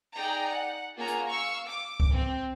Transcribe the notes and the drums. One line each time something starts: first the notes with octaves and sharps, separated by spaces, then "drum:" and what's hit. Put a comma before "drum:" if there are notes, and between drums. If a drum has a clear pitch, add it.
D#4 G#4 D5 G5 A#5
F#5
A#3 C#4 F4 G#4 F#5 A#5
drum: hi-hat
F5 C#6 E6
D6
drum: kick C2
C4